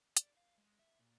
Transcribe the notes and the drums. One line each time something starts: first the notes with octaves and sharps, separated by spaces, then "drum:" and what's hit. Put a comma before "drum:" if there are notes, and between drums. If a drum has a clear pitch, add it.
D5, drum: hi-hat
F5
G#3
E5
A#2